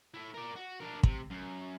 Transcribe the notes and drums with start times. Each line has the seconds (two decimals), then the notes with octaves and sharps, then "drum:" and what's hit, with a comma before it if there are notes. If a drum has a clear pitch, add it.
0.14 A3 E4
0.34 A#4 D5
0.56 F#4
0.80 D4 A#4
1.03 C3, drum: kick
1.30 F#2